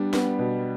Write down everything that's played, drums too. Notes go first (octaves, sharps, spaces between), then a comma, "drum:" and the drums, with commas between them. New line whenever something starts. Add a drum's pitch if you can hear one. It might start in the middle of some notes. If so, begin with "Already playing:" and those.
Already playing: G3 B3 D4
B3, drum: snare
B2